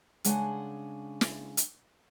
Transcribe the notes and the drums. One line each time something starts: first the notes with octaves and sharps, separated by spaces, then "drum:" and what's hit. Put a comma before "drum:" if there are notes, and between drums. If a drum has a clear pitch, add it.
C#3 G#3 D4 F#5 G#5, drum: hi-hat
drum: snare
drum: hi-hat